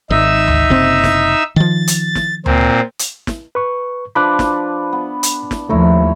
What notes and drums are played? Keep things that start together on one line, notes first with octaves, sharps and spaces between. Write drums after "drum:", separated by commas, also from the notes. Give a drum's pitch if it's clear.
G#1 D#4 E5 E6
drum: tom D2
F#1 C3 C4
drum: snare
D#3 F3 A6
drum: hi-hat
drum: snare
A#2 C4, drum: tom D2
drum: hi-hat
drum: snare
B4 C#6
F3 D4 B4 B5 D6 F#6
drum: snare
B3
drum: hi-hat
drum: snare
D#2 F3 A3 E4 C#5 A#5